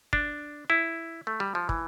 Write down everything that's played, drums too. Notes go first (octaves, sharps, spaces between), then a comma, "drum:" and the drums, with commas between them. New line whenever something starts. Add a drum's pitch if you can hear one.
D4, drum: kick
E4
A3
G3
F3
E3, drum: kick